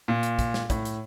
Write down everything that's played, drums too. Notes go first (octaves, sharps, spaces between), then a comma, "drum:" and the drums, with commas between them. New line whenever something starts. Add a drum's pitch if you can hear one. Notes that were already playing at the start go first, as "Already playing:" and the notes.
A#2
drum: hi-hat
drum: kick, hi-hat
drum: snare
A2, drum: kick, hi-hat
drum: hi-hat